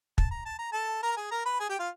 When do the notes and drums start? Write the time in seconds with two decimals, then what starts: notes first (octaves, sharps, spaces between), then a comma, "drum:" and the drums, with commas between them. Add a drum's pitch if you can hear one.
0.18 A5, drum: kick
0.31 A#5
0.46 A5
0.59 A#5
0.72 A4 A5
1.03 A#4 A#5
1.17 G#4 G#5
1.31 A#4 A#5
1.45 B4 B5
1.60 G#4 G#5
1.69 G4 G5
1.79 F4 F5